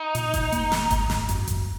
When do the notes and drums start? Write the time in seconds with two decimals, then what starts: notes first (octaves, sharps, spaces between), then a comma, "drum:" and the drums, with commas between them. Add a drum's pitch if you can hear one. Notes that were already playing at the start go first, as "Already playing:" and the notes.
Already playing: D#4
0.15 A#2, drum: hi-hat
0.34 drum: kick F#1, hi-hat
0.52 A#3, drum: hi-hat
0.72 drum: snare
0.91 G#1, drum: kick F#1, hi-hat
1.10 drum: snare
1.29 F#2, drum: hi-hat
1.48 drum: kick F#1, hi-hat